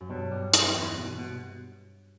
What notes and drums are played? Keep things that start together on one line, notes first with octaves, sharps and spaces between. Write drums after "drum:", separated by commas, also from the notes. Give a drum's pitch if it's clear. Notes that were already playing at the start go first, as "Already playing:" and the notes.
F#2
G2 B2
G3
G3, drum: hi-hat
E2
B2
B2